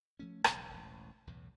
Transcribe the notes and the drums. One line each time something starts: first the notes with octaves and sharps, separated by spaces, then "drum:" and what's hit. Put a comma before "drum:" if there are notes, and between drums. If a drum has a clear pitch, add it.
F3 A3 C#4
E1 B1 C#3, drum: rim click
E1 A1
B1 E2 A2 E3